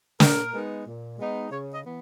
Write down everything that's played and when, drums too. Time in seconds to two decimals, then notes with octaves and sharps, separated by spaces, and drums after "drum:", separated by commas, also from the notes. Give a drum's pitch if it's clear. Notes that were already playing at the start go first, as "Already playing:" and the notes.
0.20 A#2 A#4, drum: snare
0.53 G#3 B3 D#4
0.86 A#2
1.18 G#3 B3 D#4
1.50 C#3 C#5
1.72 D#5
1.83 E3 B3